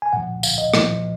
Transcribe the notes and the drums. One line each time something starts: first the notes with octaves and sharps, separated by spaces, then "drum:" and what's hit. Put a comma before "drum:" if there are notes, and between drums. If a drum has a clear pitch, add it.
G#5
A#2 F3 F#5
F5, drum: tambourine
D#5
A#2 F3, drum: rim click